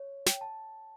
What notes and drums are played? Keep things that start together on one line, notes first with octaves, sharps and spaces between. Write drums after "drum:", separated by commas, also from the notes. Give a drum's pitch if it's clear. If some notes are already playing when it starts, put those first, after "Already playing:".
Already playing: C#5
G5, drum: snare
A5